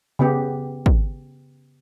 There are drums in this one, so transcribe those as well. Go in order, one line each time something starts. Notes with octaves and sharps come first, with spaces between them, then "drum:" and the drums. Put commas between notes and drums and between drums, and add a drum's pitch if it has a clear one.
C#3 B3 G4
drum: kick